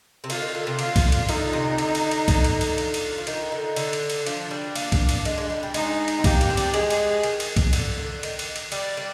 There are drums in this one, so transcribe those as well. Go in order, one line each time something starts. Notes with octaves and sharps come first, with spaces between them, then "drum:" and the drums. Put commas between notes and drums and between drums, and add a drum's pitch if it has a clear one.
C3
D3 F4, drum: cymbal
D#3
D3
C3
D3 F4, drum: cymbal
drum: kick B1, cymbal
drum: cymbal
D3 D#4, drum: cymbal
C3
D3, drum: cymbal
drum: cymbal
drum: cymbal
D3, drum: kick B1, cymbal
drum: cymbal
drum: cymbal
F4, drum: cymbal
drum: cymbal
F3
D#3 D#4, drum: cymbal
D3
D3, drum: cymbal
drum: cymbal
drum: cymbal
F3 D4, drum: cymbal
G3
A#3, drum: cymbal
drum: kick B1, cymbal
drum: cymbal
G#3, drum: cymbal
G#3
G3
G3
G#3 D#4, drum: cymbal
drum: cymbal
C4
A#3 G4, drum: kick B1, cymbal
A#3, drum: cymbal
C4
D4, drum: cymbal
G#3 G#4, drum: cymbal
drum: cymbal
D#3, drum: cymbal
drum: cymbal
drum: kick B1, cymbal
D3, drum: cymbal
D3
D#3, drum: cymbal
drum: cymbal
drum: cymbal
G3 D5, drum: cymbal
G3